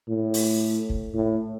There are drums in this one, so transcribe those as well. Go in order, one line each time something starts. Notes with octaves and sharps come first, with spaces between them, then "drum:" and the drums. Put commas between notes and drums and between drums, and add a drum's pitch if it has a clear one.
A2
drum: open hi-hat
drum: kick
A2